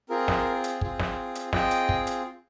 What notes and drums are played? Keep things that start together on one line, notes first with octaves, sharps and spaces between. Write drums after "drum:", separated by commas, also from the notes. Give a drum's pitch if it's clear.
C4 F4 G#4 A#4
drum: snare
drum: hi-hat
C4 F4 G#4, drum: kick
drum: snare
drum: hi-hat
C4 F4 G#4 D#5 G5, drum: snare
drum: hi-hat
drum: kick
drum: hi-hat